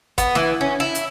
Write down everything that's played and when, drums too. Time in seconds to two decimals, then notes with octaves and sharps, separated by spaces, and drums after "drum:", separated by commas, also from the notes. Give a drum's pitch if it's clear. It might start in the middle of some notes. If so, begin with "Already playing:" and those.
0.18 B3, drum: kick, hi-hat
0.35 E3, drum: snare
0.61 C#4
0.80 E4
0.95 drum: hi-hat